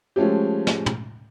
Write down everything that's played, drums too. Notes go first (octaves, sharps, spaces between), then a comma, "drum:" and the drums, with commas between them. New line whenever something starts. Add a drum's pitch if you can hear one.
F3 G#3 A3 C#4 G4
drum: snare
drum: tom